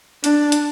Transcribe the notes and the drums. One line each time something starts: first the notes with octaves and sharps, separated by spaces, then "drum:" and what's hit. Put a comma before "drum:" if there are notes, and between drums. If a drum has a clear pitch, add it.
D4, drum: hi-hat
drum: hi-hat